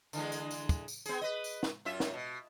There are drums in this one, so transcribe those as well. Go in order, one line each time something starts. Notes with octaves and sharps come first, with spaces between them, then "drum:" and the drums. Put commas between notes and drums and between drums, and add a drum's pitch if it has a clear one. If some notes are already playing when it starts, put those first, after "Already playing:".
D3 E3 G#3, drum: tambourine
drum: tambourine
drum: tambourine
drum: kick, tambourine
drum: tambourine
B3 G#4, drum: tambourine
B4 D#5
drum: tambourine
drum: snare
F#2 F4 E5
drum: snare
B2